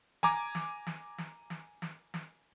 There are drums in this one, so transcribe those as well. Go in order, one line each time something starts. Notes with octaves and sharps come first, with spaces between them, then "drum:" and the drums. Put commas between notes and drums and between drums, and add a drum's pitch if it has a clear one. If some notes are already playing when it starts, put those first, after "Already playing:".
G#5 A#5 D6 G#6, drum: snare
drum: snare
drum: snare
drum: snare
drum: snare
drum: snare
drum: snare